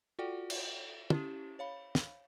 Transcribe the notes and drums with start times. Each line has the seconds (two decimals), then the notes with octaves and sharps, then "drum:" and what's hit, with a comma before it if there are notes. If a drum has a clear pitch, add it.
0.19 F4 F#4 A4 D5 F#5 G5
0.50 drum: cymbal
1.10 C#4 E4 G4, drum: tom
1.59 C#5 F5 B5
1.95 drum: snare